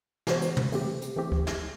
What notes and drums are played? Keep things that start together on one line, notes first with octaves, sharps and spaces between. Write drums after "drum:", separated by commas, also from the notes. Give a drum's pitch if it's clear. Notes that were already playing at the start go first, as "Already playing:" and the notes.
C3 E3 B3 F#4 C5, drum: snare
drum: hi-hat
drum: tom
E3 A3 C4 G4, drum: open hi-hat
drum: hi-hat
E3 A3 C4 G4
drum: kick D2
drum: snare